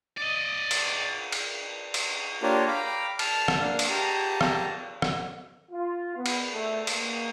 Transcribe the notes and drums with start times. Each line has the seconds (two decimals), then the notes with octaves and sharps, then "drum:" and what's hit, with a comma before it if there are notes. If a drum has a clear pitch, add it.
0.17 D5 D#5
0.71 drum: cymbal
1.32 drum: cymbal
1.94 drum: cymbal
2.42 A#3 D4 F4 G4 A#4 C#5
2.67 F5 G5 A#5 B5 D6
3.19 A5 F6, drum: cymbal
3.48 drum: rim click
3.60 A#3 D4 F5 F6
3.79 drum: cymbal
3.89 G4 A5 A#5
4.41 drum: rim click
5.02 drum: rim click
5.71 F4
6.16 B3
6.26 drum: cymbal
6.51 A3
6.87 A#3, drum: cymbal